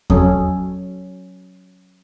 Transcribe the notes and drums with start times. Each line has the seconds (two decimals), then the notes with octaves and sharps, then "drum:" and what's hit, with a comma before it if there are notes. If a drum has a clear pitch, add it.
0.10 F#3 C#4 A4, drum: kick E2